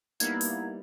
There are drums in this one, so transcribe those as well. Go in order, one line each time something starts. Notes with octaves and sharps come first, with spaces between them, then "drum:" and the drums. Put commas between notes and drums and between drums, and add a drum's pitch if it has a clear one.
G3 A#3 B3 D#4 E4 F5 G#6, drum: tambourine
drum: open hi-hat